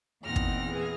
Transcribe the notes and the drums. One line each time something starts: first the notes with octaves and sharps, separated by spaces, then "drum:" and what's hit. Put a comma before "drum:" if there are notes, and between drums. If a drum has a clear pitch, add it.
E2 A#2 C4 D#4 F#5 F6 A#6
drum: kick
E3 G#4